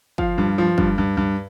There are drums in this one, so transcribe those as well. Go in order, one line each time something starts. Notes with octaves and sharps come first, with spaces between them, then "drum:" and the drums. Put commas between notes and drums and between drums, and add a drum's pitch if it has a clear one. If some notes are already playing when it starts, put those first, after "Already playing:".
F3 F5, drum: kick
G2
F3
G2, drum: kick
G2
G2